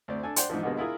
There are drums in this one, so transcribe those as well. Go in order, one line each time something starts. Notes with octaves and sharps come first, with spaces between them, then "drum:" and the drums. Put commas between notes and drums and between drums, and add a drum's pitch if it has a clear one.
D2 C4 D5
D4 A4 G#5
C5 D5 F#5 G5 C6, drum: hi-hat
G#2 B2 E3 F3
B2 D3 G3 G#3 A#3 B3
E4 F4 G#4 A#4